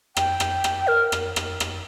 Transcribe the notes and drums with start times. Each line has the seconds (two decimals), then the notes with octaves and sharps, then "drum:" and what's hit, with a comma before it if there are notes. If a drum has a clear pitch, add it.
0.17 G5, drum: rim click
0.40 drum: rim click
0.64 drum: rim click
0.88 A#4
1.12 drum: rim click
1.36 drum: rim click
1.60 drum: rim click